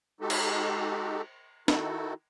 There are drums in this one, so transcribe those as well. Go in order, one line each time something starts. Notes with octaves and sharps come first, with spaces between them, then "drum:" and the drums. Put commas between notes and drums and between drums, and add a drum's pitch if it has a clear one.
G#3 D#4 F#4 G4 A4
drum: cymbal
D#3 D#4 E4 F#4 A4, drum: snare